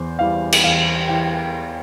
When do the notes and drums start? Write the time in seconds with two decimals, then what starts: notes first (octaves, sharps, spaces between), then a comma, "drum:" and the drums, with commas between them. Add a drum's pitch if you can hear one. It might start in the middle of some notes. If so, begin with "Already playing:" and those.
Already playing: E2 C5
0.19 E3 G3 F5
0.52 drum: cymbal
0.63 E2 F5
1.08 E3 G5